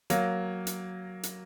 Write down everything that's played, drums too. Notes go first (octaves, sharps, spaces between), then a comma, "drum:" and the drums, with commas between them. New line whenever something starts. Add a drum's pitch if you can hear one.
F#3 A#3, drum: hi-hat
drum: hi-hat
drum: hi-hat